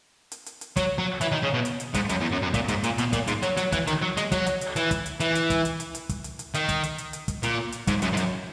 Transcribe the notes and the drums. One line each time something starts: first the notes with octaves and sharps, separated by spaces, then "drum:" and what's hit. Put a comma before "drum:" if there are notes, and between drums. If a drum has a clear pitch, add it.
drum: hi-hat
drum: hi-hat
drum: hi-hat
F#3, drum: kick, hi-hat
F#3
E3, drum: hi-hat
D#3
C#3
B2
drum: hi-hat
drum: hi-hat
G#2, drum: kick, hi-hat
F#2, drum: hi-hat
E2
F#2
F#2
A#2, drum: kick, hi-hat
G#2, drum: hi-hat
A#2, drum: hi-hat
B2, drum: hi-hat
A#2, drum: kick, hi-hat
G#2, drum: hi-hat
F#3, drum: hi-hat
F#3, drum: hi-hat
E3, drum: kick, hi-hat
D#3, drum: hi-hat
F#3
G#3, drum: hi-hat
F#3, drum: kick, hi-hat
drum: hi-hat
drum: hi-hat
E3, drum: hi-hat
drum: kick, hi-hat
drum: hi-hat
E3, drum: hi-hat
drum: hi-hat
drum: kick, hi-hat
drum: hi-hat
drum: hi-hat
drum: hi-hat
drum: kick, hi-hat
drum: hi-hat
drum: hi-hat
D#3, drum: hi-hat
drum: kick, hi-hat
drum: hi-hat
drum: hi-hat
drum: hi-hat
drum: kick, hi-hat
A#2, drum: hi-hat
drum: hi-hat
G#2, drum: kick, hi-hat
F#2, drum: hi-hat
G#2
F#2, drum: hi-hat